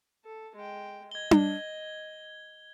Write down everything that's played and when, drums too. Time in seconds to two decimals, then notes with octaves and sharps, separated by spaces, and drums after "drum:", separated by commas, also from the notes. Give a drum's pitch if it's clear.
0.25 A4
0.55 G#3 G5
1.11 D#5 G#6 G7
1.31 drum: tom D4